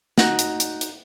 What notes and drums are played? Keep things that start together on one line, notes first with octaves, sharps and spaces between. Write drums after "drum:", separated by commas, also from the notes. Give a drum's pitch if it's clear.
D#4 F#4, drum: snare
drum: hi-hat
drum: hi-hat
drum: hi-hat